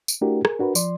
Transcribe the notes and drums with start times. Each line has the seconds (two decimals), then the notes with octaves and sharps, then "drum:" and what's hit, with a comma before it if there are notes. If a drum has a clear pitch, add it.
0.08 drum: tambourine
0.21 A3 D4 E4 F#4 G4 A#4
0.45 G#4 A#4, drum: rim click
0.59 D4 F#4 A#4 B4
0.75 F3 D5 C6, drum: tambourine